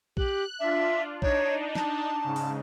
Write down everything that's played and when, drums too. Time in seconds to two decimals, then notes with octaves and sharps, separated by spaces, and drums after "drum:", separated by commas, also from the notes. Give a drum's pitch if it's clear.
0.17 G4 F#6, drum: kick A#1
0.60 D4 F4 E5
1.22 D4 D#4 C#5, drum: kick A#1
1.75 A5, drum: snare
2.24 G#2 C#3
2.36 drum: open hi-hat